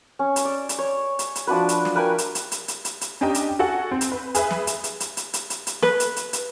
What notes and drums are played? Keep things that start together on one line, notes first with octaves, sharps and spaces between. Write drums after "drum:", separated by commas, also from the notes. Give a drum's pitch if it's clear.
C#4
drum: hi-hat
D5
drum: hi-hat
C#5
drum: hi-hat
drum: hi-hat
F3 D4 F#4 B4
drum: hi-hat
drum: snare
A#4 B4 G5 G#5
drum: hi-hat
drum: hi-hat
drum: hi-hat
drum: hi-hat
drum: hi-hat
drum: hi-hat
C#4 D4 G4 D#5 G5 A#5
drum: hi-hat
F#4 A4 F#5 G#5
C4
drum: hi-hat
B4
G#4 B4 E5, drum: hi-hat
drum: snare
drum: hi-hat
drum: hi-hat
drum: hi-hat
drum: hi-hat
drum: hi-hat
drum: hi-hat
drum: hi-hat
B4, drum: snare
drum: hi-hat
drum: hi-hat
drum: hi-hat